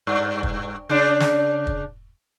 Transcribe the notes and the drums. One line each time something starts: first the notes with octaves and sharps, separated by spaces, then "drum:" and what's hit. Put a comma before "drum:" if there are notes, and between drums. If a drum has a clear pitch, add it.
G2
drum: kick
C#3 D4
drum: snare
drum: kick